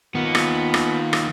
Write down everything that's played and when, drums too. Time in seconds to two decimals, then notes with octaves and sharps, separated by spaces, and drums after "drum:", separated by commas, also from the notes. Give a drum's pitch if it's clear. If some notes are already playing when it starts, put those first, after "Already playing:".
0.15 D#3 A#3 B3 F4
0.35 drum: rim click
0.74 drum: rim click
1.13 drum: rim click